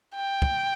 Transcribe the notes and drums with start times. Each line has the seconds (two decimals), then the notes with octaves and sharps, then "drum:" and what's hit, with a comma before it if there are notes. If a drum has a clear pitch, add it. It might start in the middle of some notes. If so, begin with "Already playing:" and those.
0.15 G5
0.42 drum: kick